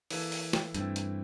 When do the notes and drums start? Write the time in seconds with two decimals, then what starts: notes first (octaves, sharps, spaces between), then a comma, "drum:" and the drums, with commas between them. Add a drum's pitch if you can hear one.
0.10 E3 A#3 E4 A4, drum: open hi-hat
0.32 drum: open hi-hat
0.53 drum: snare
0.74 G2 E3 A3 C4 E4, drum: hi-hat
0.96 drum: hi-hat